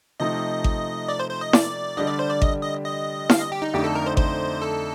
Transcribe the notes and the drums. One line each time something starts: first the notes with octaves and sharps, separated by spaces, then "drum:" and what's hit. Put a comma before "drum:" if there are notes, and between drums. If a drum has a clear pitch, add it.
C3 F3 A3 D#4 D#5
drum: kick G#1
D5
C5
C5
D#5
D5, drum: snare E4
D3 G3 D4 G4 D#5
D5
C5
D5
D#5, drum: kick G#1
D#5
D#5
F5, drum: snare E4
D#5
G4
D#4
F2 D3 A3 D#4 G4
A4
A#4
C5
C5, drum: kick G#1
A4